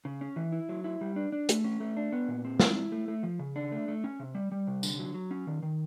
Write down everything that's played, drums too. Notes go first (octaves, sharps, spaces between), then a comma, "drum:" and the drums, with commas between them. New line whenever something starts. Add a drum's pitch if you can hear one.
C#3
C#4
E3
E4
F#3
E4
G3
D4
D4
A3, drum: hi-hat
C#4
A3
D4
B3
A#2
C4
E4, drum: snare
E4
A3
A3
F3
C#3
D4
A3
A3
C#4
C3
G3
G3
C3
D3, drum: tambourine
F#3
F#3
C#4
D#3
D#3